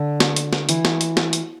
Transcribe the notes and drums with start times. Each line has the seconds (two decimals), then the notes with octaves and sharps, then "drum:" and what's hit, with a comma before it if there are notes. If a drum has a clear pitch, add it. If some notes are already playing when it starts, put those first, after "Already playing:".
Already playing: D3
0.20 drum: snare
0.36 drum: hi-hat
0.53 drum: snare
0.69 E3, drum: hi-hat
0.85 drum: snare
1.01 drum: hi-hat
1.17 drum: snare
1.33 drum: hi-hat